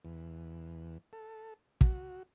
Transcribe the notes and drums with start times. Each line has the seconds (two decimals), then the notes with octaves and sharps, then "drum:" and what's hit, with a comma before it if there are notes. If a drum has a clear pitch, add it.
0.05 E2
1.13 A4
1.81 F#4, drum: kick